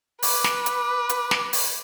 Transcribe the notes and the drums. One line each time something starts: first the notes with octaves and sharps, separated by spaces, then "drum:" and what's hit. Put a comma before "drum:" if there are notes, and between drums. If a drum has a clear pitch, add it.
B4 D6, drum: open hi-hat
drum: snare
drum: hi-hat
drum: hi-hat
drum: snare
drum: open hi-hat